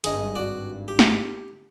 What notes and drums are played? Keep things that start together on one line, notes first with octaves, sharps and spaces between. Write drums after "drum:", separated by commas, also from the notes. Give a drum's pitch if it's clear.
G#1 G2 G#4 D#5, drum: hi-hat
F#4 D5
G4
drum: snare